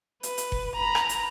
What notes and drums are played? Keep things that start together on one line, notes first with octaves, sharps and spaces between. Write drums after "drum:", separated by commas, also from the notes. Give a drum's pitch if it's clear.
B4, drum: hi-hat
drum: hi-hat
drum: kick F#1
A#5 B5
drum: rim click
drum: hi-hat